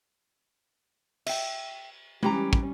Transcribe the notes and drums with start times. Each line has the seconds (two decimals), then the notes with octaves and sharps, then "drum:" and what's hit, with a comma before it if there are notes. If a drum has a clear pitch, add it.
1.26 E5 G5, drum: cymbal
2.23 E3 G3 C#4 G4 A#5, drum: tom G#3
2.53 drum: kick